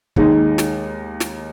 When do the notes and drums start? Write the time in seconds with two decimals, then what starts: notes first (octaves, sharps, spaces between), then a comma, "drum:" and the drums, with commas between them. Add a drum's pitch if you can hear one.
0.16 D#2 D#3 G#3 D#4, drum: kick
0.58 drum: snare
1.20 drum: snare